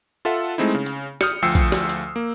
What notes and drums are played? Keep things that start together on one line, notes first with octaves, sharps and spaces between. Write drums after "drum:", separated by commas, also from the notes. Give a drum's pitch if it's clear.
F4 A4 E5 F#5
G#3 A3 C4 D#4 E4
C#3
drum: hi-hat
D#6 F6 G6 C#7, drum: snare
D2 F3 G5 E6 C7 C#7
drum: kick, hi-hat
drum: snare
drum: hi-hat
A#3